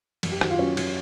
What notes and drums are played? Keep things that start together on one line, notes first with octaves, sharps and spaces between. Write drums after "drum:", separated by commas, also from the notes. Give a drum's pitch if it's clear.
F#2, drum: cymbal
G4
D#3 F#4, drum: rim click
F4
F#3 C#4
F#3, drum: cymbal